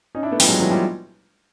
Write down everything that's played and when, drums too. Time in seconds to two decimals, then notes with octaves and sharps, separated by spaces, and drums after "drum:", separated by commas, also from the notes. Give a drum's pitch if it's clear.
0.15 C#4 D#4
0.23 D4 E4
0.31 A3 B3
0.40 F3 G3, drum: open hi-hat
0.48 F#3 G#3
0.59 E3 F#3
0.70 F3 G3